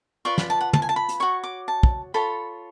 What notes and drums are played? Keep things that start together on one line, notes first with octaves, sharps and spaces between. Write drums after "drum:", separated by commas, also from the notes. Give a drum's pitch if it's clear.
F4 B4 D5 C#6
B5, drum: snare
A5
F#5
A5, drum: tom
G#5
A5
B5
drum: hi-hat
F#4 C#5 C#6
D6
A5
drum: kick
F4 A4 C#5 B5